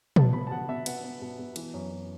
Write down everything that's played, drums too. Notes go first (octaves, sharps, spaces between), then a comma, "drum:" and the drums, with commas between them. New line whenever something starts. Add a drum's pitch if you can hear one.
B3 A5, drum: tom
B3 B5
A5
B2 F#5
B2 E5
B3 F#5, drum: cymbal
B3
B2
B2
E3, drum: cymbal
F#2
F#2